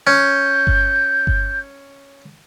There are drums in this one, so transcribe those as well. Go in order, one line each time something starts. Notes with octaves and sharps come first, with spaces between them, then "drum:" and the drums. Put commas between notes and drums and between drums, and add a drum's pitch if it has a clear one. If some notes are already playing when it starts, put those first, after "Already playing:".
C#4 G6
drum: kick G1
drum: kick G1